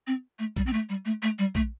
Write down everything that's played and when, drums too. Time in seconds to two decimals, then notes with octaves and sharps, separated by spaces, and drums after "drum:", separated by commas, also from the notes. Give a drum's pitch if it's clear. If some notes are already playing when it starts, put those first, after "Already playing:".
0.07 C4
0.39 A3
0.56 G3, drum: kick A#1
0.66 C4
0.73 A3
0.89 G3
1.05 A3
1.22 A3
1.39 G3
1.55 A3, drum: kick A#1